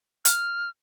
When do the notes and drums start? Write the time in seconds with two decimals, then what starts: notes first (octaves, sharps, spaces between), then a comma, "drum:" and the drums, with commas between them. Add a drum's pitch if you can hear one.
0.25 F6, drum: hi-hat